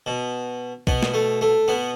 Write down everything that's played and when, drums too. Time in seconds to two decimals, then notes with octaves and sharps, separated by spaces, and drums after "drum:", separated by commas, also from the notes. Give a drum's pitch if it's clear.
0.06 B2
0.87 B2 B3, drum: kick B1
1.03 drum: snare
1.14 A3
1.41 A3
1.68 B2 B3